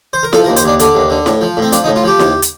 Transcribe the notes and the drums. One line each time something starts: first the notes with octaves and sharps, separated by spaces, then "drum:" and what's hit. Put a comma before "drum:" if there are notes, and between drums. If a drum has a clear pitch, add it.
C5
A#4
F3 A4, drum: snare E4
A#4
D#2
C5, drum: hi-hat
D#2 D4
D3 D4, drum: hi-hat
D#2
D3
A2, drum: snare E4
F3
A2
C4
F3 D4, drum: hi-hat
D#4
A2
F4
F3 G4
D#2, drum: snare E4
drum: hi-hat